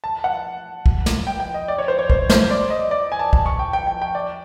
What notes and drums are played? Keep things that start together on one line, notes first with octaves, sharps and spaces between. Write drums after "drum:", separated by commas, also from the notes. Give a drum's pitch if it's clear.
A5
F#5
drum: kick
drum: snare
G5
G5
D#5
D5
C#5
C5
C#5
C5, drum: kick
C5, drum: snare
D5
D#5
D5
G#5
A5
A5, drum: kick
C#6
G5
G5
G5
G5
D5